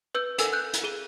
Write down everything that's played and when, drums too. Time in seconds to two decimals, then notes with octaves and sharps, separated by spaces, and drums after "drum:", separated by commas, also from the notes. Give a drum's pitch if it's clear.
0.15 B4 E6 G6
0.38 A4 A#4 G#5 E6, drum: hi-hat
0.53 F#6 G6
0.73 drum: hi-hat
0.84 G#4 D#7 G7